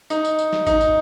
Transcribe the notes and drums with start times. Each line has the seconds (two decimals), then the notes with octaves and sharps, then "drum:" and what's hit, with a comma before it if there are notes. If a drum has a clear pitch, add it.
0.10 D#4, drum: tambourine
0.25 drum: tambourine
0.39 drum: tambourine
0.53 drum: snare
0.67 D#4, drum: kick G1, tambourine
0.81 drum: tambourine